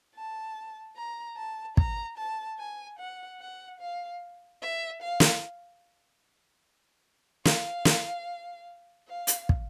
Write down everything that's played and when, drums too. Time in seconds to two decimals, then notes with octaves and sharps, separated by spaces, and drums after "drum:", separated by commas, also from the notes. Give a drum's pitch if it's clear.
0.15 A5
0.96 A#5
1.37 A5
1.77 A#5, drum: kick
2.18 A5
2.59 G#5
2.99 F#5
3.40 F#5
3.80 F5
4.62 E5
5.02 F5
5.20 drum: snare
7.45 F5, drum: snare
7.85 drum: snare
9.08 F5
9.27 drum: hi-hat
9.49 drum: kick